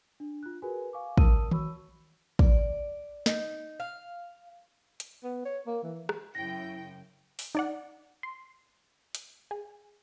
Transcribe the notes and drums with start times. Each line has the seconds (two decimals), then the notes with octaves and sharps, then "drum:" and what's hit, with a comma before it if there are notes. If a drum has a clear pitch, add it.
0.20 D4
0.43 F4 F#6
0.62 F#4 G#4 A#4 B4 G#5
0.93 F5 G#5 C#6 D6
1.18 A#4 D5 A5 D#6 E6 D#7, drum: kick
1.51 F#4 C#5 B5 C#6 E6, drum: tom D#3
2.39 D5, drum: kick
3.26 D#4, drum: snare
3.80 F5
5.00 drum: hi-hat
5.24 B3
5.45 C#5
5.67 A#3
5.83 E3
6.09 drum: rim click
6.35 F#2 C#3 E4 G5 A#6
7.39 drum: open hi-hat
7.55 D#4 D5 F#5
8.23 C6
9.15 drum: hi-hat
9.51 G#4